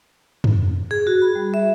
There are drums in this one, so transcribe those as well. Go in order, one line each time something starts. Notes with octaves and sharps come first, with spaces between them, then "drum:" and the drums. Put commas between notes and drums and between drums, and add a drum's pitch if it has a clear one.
drum: tom
G#4
F#4
B5
G3
E5